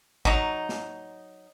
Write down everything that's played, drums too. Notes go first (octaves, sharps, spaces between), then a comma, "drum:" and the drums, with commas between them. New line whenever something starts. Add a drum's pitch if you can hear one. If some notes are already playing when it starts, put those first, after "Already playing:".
F#3 D#4, drum: kick
drum: snare